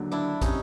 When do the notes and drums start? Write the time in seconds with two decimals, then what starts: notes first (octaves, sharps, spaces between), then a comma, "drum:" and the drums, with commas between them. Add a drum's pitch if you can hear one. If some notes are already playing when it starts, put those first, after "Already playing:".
Already playing: D#2 D3 F#3
0.11 D4 E4
0.42 C3 C#4 D#4, drum: kick, hi-hat